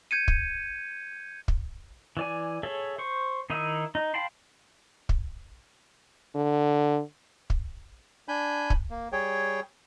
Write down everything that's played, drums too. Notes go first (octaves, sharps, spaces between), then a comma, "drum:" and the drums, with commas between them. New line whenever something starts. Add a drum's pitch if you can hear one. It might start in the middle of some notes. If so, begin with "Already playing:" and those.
G6 G#6 C#7 D#7
drum: kick
drum: kick
E3 D5 G#5
G#4 A4 C#5 E5
C5 C#6
D#3 D#4 E4 E5 D#6
D#4
F5 G5 A5 B5 C6
drum: kick
D3
drum: kick
D4 G#5 B5 G6
drum: kick
A#3
G3 G#4 C#5 G5